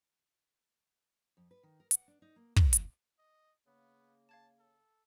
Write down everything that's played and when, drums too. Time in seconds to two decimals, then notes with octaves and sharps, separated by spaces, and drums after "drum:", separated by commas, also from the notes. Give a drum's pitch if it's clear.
1.37 F2
1.51 B4
1.63 D#3
1.80 A#4
1.91 F#5, drum: hi-hat
2.08 D4
2.22 D#4
2.36 A#3
2.56 C5, drum: kick
2.73 F3, drum: hi-hat
3.18 D#5
3.67 C#3 A#3 B3
4.29 F5 A5 G#6 E7
4.59 A4